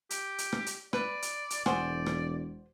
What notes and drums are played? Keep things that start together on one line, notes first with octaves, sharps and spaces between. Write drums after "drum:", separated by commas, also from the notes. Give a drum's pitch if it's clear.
G4, drum: hi-hat
drum: hi-hat
drum: rim click
drum: hi-hat
B4 D5, drum: rim click
drum: hi-hat
drum: hi-hat
E1 F#4 G#4 C5 D5, drum: rim click
drum: rim click